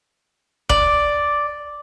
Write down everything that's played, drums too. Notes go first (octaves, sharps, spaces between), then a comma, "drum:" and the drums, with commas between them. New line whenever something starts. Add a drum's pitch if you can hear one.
D5, drum: kick